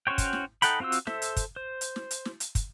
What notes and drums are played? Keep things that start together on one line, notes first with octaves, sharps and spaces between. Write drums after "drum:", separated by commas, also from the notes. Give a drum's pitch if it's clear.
C#4 F#4 C5 C#5 G5
drum: kick, hi-hat
drum: snare
D#4 A4 F#5 G5 B5, drum: hi-hat
C4 F4 F#4 C5 E6
drum: hi-hat
A4 C5 E5, drum: snare
drum: hi-hat
drum: kick, hi-hat
C5
drum: hi-hat
drum: snare
drum: hi-hat
drum: snare
drum: hi-hat
drum: kick, hi-hat